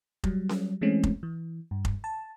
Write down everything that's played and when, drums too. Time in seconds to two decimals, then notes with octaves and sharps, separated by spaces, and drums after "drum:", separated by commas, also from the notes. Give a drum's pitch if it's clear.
0.24 F#3 G3, drum: kick F1
0.49 drum: snare C#4
0.81 E3 G#3 A3 C4 C#4
1.03 drum: kick F1
1.23 E3
1.71 G2
1.85 drum: kick F1
2.04 A5